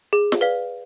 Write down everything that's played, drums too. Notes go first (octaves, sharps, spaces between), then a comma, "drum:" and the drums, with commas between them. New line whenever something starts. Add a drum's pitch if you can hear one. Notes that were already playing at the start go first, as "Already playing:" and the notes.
G#4
drum: snare
B4 D5 F5